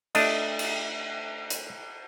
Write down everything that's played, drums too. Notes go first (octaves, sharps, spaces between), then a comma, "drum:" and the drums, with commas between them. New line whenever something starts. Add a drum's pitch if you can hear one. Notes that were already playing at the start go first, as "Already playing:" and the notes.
A3 D4 D#5, drum: cymbal
drum: cymbal
drum: hi-hat